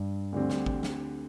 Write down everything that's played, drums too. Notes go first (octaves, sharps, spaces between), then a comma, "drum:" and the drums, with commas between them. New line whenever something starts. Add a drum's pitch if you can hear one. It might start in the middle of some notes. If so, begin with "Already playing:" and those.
Already playing: G2
D2 D3 G3 C4
drum: snare
drum: kick G#1
drum: snare